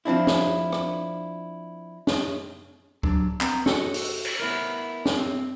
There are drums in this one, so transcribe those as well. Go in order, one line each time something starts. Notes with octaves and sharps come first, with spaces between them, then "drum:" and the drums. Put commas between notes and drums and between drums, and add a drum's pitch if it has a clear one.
F3 C4 D4 E4
drum: snare
drum: rim click
drum: snare
F#3 D4, drum: kick C#2
B3 C4 A#5, drum: clap
F#4 A4, drum: snare
drum: open hi-hat
drum: cymbal
B3 E4 A#4
drum: snare
C4